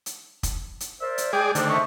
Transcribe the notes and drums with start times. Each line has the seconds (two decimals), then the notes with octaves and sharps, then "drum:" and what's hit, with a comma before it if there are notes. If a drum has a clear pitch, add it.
0.06 drum: hi-hat
0.43 drum: kick, hi-hat
0.80 drum: hi-hat
1.01 A#4 C5 D5 E5
1.18 drum: hi-hat
1.33 G#3 G#4 D5 G5
1.55 D3 D#3 A3 D4 C5, drum: hi-hat
1.70 C5 E5 C#6